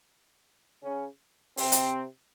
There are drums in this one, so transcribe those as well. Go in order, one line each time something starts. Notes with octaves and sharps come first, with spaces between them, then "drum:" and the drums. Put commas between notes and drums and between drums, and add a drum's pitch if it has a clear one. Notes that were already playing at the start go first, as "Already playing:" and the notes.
C#3 C#4
C3 C4, drum: open hi-hat
drum: hi-hat